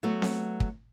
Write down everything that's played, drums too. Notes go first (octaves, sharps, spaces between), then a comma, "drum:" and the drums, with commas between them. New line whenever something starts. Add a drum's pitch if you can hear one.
F#3 A3 B3 F#4
drum: snare C4
drum: kick